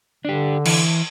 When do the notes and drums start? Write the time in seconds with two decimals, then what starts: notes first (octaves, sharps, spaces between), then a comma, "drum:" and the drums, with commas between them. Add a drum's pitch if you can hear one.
0.25 D3 D4 G4
0.66 E3, drum: cymbal